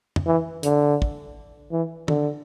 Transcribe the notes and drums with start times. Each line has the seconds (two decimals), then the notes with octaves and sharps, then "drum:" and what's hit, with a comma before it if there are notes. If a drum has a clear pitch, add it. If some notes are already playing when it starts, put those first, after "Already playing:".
0.16 drum: tom
0.26 E3
0.63 D3, drum: hi-hat
1.02 drum: kick
1.71 E3
2.08 D3, drum: tom